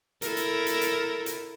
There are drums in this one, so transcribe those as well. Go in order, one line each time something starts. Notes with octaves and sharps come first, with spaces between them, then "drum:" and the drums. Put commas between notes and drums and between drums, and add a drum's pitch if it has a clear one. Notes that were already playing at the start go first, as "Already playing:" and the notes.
E4 A4 A#4, drum: hi-hat
drum: hi-hat
drum: hi-hat
drum: hi-hat
drum: hi-hat